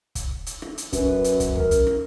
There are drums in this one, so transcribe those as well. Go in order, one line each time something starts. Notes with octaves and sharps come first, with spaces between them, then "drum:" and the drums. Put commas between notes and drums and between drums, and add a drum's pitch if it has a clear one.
drum: kick, hi-hat
drum: hi-hat
drum: rim click
drum: hi-hat
F#2 B4, drum: kick, hi-hat
drum: hi-hat
drum: kick, hi-hat
A#4, drum: tom
drum: hi-hat
drum: rim click